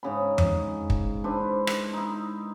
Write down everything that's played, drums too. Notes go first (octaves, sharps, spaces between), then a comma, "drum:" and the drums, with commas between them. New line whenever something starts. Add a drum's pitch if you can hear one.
G#2 C#3 B5
drum: tom F2
drum: kick
D4 E4 B4 C5
drum: rim click
D#4 E4